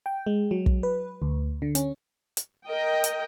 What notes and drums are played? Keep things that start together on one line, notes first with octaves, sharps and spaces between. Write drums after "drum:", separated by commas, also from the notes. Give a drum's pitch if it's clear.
G5
G#3
F#3
drum: kick
B4
D2
D3
C#4, drum: hi-hat
drum: hi-hat
A#4 D#5 G5
drum: hi-hat